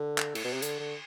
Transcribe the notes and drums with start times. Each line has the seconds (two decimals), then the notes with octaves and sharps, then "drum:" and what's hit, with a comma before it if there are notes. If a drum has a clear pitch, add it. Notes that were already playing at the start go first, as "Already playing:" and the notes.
Already playing: D3
0.18 drum: clap
0.35 A2, drum: cymbal
0.44 B2
0.53 C3
0.62 D3, drum: hi-hat
0.79 D3